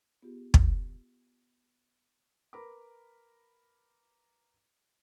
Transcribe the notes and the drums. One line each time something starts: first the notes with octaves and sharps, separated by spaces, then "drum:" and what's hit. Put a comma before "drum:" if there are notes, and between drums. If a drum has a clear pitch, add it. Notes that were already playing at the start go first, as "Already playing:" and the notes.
B3 F4 G4 G#4
drum: kick
A#4 B4 A#5 B5 D6